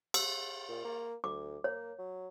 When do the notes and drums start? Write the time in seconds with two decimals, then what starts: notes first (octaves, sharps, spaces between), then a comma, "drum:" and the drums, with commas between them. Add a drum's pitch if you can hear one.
0.14 E6, drum: cymbal
0.68 A#2
0.85 A#3
1.24 D2 D6
1.64 A#3 C#5
1.99 F#3